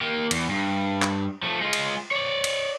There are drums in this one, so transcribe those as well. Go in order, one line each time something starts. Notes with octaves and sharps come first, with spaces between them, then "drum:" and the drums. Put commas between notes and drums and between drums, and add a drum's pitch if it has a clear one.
A#3 G4
E2, drum: cymbal
G2
drum: clap
F3 A3
G#3 F4
drum: cymbal
C#5 D5
drum: cymbal